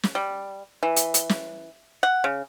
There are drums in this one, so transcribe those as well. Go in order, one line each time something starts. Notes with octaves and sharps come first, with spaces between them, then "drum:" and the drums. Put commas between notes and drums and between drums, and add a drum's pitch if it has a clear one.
drum: snare
G3
E3
drum: hi-hat
drum: hi-hat
drum: snare
F#5
C#3